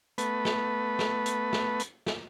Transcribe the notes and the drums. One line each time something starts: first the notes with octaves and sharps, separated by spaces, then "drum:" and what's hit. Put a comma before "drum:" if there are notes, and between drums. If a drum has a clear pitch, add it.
A3 B3 B4, drum: hi-hat
drum: snare
drum: snare
drum: hi-hat
drum: snare
drum: hi-hat
drum: snare